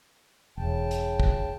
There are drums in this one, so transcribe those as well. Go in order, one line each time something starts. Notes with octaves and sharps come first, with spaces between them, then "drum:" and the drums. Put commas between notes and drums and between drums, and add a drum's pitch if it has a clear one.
E1 C#3 G5 A5
drum: hi-hat
drum: kick